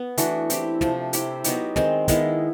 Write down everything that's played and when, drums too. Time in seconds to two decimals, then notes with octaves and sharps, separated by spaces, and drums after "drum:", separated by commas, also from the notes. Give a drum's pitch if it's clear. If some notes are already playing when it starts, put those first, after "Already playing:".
Already playing: B3
0.18 E3 A3 D4 F#4, drum: hi-hat
0.50 C4 E4 G4, drum: hi-hat
0.81 C3 F3 A3, drum: snare
1.13 C4 E4 G4, drum: hi-hat
1.44 F#3 B3 D#4 G4, drum: hi-hat
1.76 D#3 G#3 C4, drum: snare
2.08 D#3 G#3 B3 E4, drum: kick, hi-hat